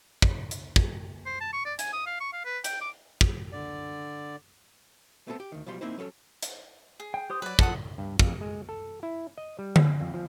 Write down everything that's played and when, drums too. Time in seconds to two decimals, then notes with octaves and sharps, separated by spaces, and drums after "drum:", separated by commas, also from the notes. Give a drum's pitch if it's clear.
0.22 drum: kick
0.51 drum: hi-hat
0.76 drum: kick
1.26 C5
1.41 A5
1.53 C#6
1.65 D5
1.79 G#5, drum: hi-hat
1.93 D#6
2.06 F5
2.20 C#6
2.33 F5
2.44 B4
2.64 G5, drum: hi-hat
2.81 D6
3.21 drum: kick
3.52 D3 D5
5.27 A3 B3 C4 G#4 A4
5.40 G4
5.52 D2 D#3
5.66 B1 B2 F3 G3 C6
5.81 A#3 C4 D#4 E4 C5
5.97 F#3 B3 C#4 A4 C#5
6.42 drum: hi-hat
7.00 G#4
7.14 G5
7.30 G4 C5 D#6
7.42 F#3 B4 D5
7.59 F3 A4 F#5 D#6, drum: kick
7.98 G2
8.19 F2, drum: kick
8.41 G#3
8.69 A4
9.03 E4
9.38 D#5
9.59 G3
9.76 drum: tom D3
10.00 F2
10.14 F3